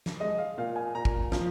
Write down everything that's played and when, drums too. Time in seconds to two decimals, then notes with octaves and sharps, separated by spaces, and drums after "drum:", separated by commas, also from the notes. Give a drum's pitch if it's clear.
0.06 drum: snare
0.20 G#3 D#5
0.38 F5
0.58 A#2 F5
0.76 G#5
0.95 A#2 A#5
1.05 drum: kick
1.32 F3, drum: snare